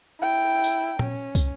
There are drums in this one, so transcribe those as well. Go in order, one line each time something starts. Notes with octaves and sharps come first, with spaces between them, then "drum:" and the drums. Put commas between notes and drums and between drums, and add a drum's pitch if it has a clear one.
E4 G5
drum: tambourine
C#4, drum: tom A#2
drum: kick, tambourine